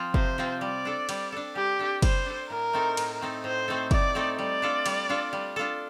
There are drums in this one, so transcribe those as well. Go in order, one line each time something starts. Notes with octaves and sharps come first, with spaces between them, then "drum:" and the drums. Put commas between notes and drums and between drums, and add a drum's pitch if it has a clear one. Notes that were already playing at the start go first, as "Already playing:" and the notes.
Already playing: F3 C4 F4
C3 C5, drum: kick F#1
F3 C4 F4
G3 D5
D4 A4
G3, drum: cymbal
D4 A4
G3 G4
D4 A4
G3 C5, drum: kick F#1, cymbal
D4 A4
A2 A#4
A3 C4 D#4 A4
A2, drum: cymbal
A3 C4 D#4 A4
A2 C5
A3 C4 D#4 A4
A2 D5, drum: kick F#1, cymbal
A3 C4 D#4 A4
G3 D5
D4 F4 A4
G3, drum: cymbal
D4 F4 A4
G3
D4 F4 A4